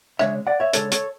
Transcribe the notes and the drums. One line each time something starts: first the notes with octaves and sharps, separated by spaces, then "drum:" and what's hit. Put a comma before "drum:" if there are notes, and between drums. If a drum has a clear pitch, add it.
C#3 G#3 D4 C#5 E5, drum: rim click
D5 F#5
C#5 E5
C#3 G#3 D4 A4 C#5, drum: hi-hat
A4 C#5, drum: hi-hat